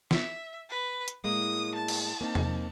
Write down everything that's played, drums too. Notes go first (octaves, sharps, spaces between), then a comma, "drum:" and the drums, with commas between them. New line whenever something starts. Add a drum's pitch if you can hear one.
E5, drum: snare
B4
drum: hi-hat
A2 G#3 A#3 D#6
A5
drum: cymbal
A#3 C4 D#4
drum: tom E2